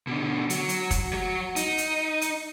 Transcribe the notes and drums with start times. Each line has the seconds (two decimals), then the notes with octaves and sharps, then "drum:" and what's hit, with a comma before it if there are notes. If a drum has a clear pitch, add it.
0.07 B2 D3
0.50 F#3, drum: hi-hat
0.69 drum: hi-hat
0.91 drum: kick, hi-hat
1.13 F#3 F#4
1.56 D#4, drum: hi-hat
1.78 drum: hi-hat
2.21 drum: hi-hat